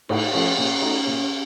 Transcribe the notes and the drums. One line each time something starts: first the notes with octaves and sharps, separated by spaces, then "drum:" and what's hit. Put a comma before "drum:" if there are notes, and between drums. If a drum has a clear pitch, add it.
A2 D#4, drum: cymbal
F3 A3 C#4, drum: cymbal
A#2 C#4
A3 D#4 F#4
A#2